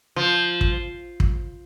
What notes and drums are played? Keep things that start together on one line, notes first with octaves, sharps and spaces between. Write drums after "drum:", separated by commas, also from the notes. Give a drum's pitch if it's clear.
F3
drum: kick
drum: kick